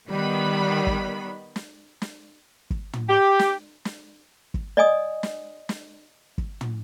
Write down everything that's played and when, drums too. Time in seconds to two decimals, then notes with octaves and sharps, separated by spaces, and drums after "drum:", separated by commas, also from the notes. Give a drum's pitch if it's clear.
0.10 D#3 G3 B3 B5
0.87 drum: kick
1.56 drum: snare
2.02 drum: snare
2.70 drum: kick
2.93 drum: tom
3.09 G4
3.39 drum: snare
3.85 drum: snare
4.54 drum: kick
4.77 D5 D#5 G#5 D#6
5.23 drum: snare
5.69 drum: snare
6.38 drum: kick
6.61 drum: tom